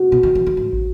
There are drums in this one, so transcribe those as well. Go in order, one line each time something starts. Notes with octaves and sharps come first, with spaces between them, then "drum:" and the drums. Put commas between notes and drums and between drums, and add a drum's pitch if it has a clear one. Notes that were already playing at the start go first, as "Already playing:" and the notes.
Already playing: F#4
B2
D#3
E3
D#3
A2
drum: kick